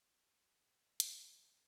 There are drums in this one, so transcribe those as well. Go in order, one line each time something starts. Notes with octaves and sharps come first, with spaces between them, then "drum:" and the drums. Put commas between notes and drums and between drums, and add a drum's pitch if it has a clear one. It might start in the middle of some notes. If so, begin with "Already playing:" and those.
E3
D#4 G#4 B4
D#3 F3 B3
drum: hi-hat
G#3 D#4
D3 G4